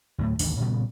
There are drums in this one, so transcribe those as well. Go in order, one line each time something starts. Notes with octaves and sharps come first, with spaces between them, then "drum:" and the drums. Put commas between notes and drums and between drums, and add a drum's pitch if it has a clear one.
D2 A2 F#3 A3
A1 D#2 D3 D4, drum: open hi-hat
A#2 C#3 G3 B3